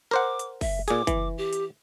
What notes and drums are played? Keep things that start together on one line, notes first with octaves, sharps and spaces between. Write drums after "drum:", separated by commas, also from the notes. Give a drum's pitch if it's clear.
A#4 C5 F#5 D6
drum: hi-hat
E5, drum: kick, open hi-hat
A#2 G#4 D6, drum: hi-hat
E3, drum: kick, hi-hat
G4
drum: hi-hat